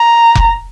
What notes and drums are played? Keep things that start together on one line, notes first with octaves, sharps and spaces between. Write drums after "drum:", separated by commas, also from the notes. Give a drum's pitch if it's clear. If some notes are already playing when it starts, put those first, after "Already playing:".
Already playing: A#5
drum: kick F1